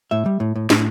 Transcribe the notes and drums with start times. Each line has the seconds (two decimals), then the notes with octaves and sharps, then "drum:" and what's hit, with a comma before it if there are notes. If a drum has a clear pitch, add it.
0.11 A2 E5
0.26 G3
0.40 A2
0.56 A2
0.70 A2, drum: snare